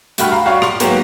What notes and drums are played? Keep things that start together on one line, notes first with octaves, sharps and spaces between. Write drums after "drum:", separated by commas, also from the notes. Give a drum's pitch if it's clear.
G2 A3 F#4 G5 B5 F6, drum: hi-hat
F5 A#5
F#4 G4 C#5 D5 F5 C#6
C6 F6 F7, drum: rim click
G#2 F#3 A#3 B3 F#4 G4, drum: hi-hat